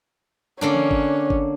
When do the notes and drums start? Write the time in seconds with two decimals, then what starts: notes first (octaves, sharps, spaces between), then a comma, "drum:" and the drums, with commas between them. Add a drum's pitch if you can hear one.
0.61 D3 A#3 C#4 D4
0.74 drum: tom E3
0.91 drum: kick G#1
1.30 drum: kick G#1